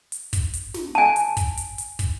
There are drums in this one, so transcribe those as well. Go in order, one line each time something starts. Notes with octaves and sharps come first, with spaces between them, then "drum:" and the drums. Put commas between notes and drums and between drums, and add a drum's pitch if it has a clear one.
drum: hi-hat
drum: kick, hi-hat
drum: hi-hat
drum: snare
G#5 A5
drum: hi-hat
drum: kick, hi-hat
drum: hi-hat
drum: hi-hat
drum: kick, hi-hat